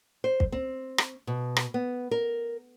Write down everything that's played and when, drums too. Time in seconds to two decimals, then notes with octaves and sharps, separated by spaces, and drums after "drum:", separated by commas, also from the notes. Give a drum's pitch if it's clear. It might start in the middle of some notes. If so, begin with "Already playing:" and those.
0.24 C5
0.40 drum: kick
0.52 C4
0.98 drum: rim click
1.27 B2
1.56 drum: rim click
1.74 B3
2.11 A#4